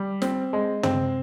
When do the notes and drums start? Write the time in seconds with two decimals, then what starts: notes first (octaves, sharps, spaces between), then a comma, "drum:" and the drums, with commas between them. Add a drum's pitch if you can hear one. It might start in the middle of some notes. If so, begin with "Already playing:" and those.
Already playing: G3
0.22 C4, drum: snare
0.53 G#3
0.83 C4, drum: tom